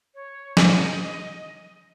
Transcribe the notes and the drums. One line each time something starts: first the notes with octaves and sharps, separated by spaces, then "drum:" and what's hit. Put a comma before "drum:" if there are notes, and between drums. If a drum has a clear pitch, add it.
C#5
D#5, drum: snare